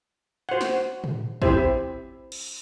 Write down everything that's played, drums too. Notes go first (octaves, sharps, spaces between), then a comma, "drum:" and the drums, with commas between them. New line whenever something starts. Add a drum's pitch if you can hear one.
F#4 C5 F#5
drum: snare
drum: tom
C4 E4 G4 C5 E5, drum: kick
drum: cymbal